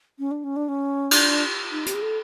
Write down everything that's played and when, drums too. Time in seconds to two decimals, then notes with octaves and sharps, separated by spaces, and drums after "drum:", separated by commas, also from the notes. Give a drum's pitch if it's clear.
0.19 C#4
0.31 D4
0.44 C#4
0.56 D4
0.69 C#4
1.11 D4, drum: cymbal
1.71 D#4
1.86 G4, drum: hi-hat
1.94 G#4
2.02 A4